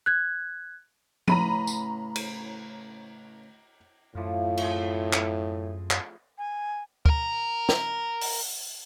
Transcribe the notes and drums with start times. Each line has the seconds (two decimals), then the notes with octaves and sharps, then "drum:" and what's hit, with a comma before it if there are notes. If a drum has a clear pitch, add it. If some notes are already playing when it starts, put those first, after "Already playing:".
0.06 F#6 G#6
1.28 A1 A2 C#3 A#5 B5 D#7, drum: tom F3
1.67 drum: tambourine
2.16 drum: cymbal
4.15 F#2 A2 E3 F3 F4
4.57 A3 C4 G#4, drum: cymbal
5.13 drum: clap
5.91 drum: clap
6.38 G#5
7.06 A#4 A#5, drum: kick
7.69 drum: snare
8.21 drum: open hi-hat